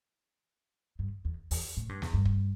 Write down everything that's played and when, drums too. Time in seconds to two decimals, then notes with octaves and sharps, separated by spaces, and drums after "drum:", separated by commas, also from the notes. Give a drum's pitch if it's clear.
0.99 G2
1.25 E2
1.51 E2, drum: open hi-hat
1.77 A2
1.89 G2
2.02 E2, drum: snare
2.14 G2
2.25 drum: kick